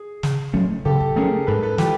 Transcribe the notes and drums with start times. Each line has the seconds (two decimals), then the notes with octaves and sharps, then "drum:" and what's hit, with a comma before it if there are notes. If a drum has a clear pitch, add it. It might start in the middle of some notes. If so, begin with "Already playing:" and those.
Already playing: G#4
0.23 C#3, drum: snare
0.53 F#3 A3 C#4
0.85 C#3 G4 A4
1.00 drum: kick
1.15 F#3 A3 C#4 G#4 A#4
1.47 G#2 A4 B4
1.63 A4 B4
1.78 E3 G3 F4 G4, drum: snare